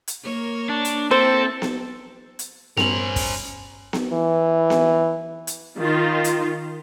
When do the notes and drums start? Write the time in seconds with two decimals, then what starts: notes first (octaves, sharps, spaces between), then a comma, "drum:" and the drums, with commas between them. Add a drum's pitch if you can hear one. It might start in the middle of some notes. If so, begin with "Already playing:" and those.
0.08 drum: hi-hat
0.23 A#3 A#4 C#5
0.69 D4
0.85 drum: hi-hat
1.11 A#3 C4 E4 A4 C5
1.62 drum: snare B3
2.39 drum: hi-hat
2.77 G2 C#4 A#4 C5 F7 F#7, drum: snare B3
3.16 drum: kick, open hi-hat
3.93 drum: snare B3
4.13 E3
4.70 drum: snare B3
5.47 drum: hi-hat
5.78 D#3 F4
6.24 drum: hi-hat